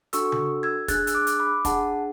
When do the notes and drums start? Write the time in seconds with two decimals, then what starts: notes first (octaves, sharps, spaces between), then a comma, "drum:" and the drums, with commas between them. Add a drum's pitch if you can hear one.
0.13 D4 F#4 A4 C#6 E6, drum: hi-hat
0.32 drum: tom C#3
0.63 E6 G#6
0.88 D4 G#4 F#6 A6, drum: kick, hi-hat
1.07 E6, drum: hi-hat
1.14 D6 F#6
1.27 drum: hi-hat
1.39 B5 D6
1.65 D4 G#4 F#5 A5, drum: kick, hi-hat